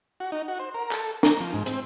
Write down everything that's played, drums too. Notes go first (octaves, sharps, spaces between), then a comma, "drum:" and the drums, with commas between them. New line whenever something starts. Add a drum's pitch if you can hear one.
F#4
D#4
F#4
C5
A#4
A4, drum: clap
A#5, drum: snare
F3
G#2
C4, drum: hi-hat